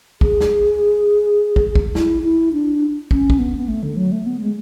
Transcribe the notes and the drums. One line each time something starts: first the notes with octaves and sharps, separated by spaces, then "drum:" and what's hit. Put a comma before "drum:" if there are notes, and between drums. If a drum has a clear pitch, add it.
G#4, drum: kick
drum: snare
drum: kick
drum: kick
E4, drum: snare
E4
D4
C#4, drum: kick
drum: kick
B3
B3
A3
D3
F#3
A3
B3
G#3